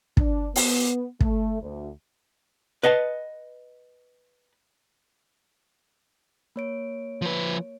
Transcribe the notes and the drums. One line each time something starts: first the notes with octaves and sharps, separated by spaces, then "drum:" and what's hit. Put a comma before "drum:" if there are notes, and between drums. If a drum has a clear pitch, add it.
D4, drum: kick
B3, drum: open hi-hat
A3, drum: kick
D2
B4 D#5 F#5 A5
A#3 C#5 D7
F3 B4